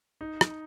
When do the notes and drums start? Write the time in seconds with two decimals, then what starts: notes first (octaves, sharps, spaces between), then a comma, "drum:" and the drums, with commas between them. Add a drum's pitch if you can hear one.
0.21 D#4
0.41 drum: rim click